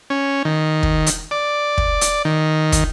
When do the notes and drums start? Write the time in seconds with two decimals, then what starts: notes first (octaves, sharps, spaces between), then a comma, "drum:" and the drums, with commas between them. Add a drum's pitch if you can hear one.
0.10 C#4
0.45 D#3
0.83 drum: kick
1.06 drum: hi-hat
1.31 D5
1.78 drum: kick
2.01 drum: hi-hat
2.25 D#3
2.72 drum: kick, hi-hat